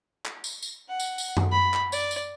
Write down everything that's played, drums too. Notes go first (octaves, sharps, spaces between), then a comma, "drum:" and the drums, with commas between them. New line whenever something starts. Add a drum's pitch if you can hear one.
drum: clap
drum: tambourine
drum: tambourine
F#5
drum: tambourine
drum: tambourine
drum: tom F#2
B5
drum: clap
D5, drum: tambourine
drum: tambourine